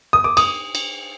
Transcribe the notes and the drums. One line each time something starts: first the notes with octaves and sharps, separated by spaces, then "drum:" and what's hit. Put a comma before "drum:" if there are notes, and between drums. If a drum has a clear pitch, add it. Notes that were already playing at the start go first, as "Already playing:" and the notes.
D#6
D6
D#6, drum: cymbal
drum: cymbal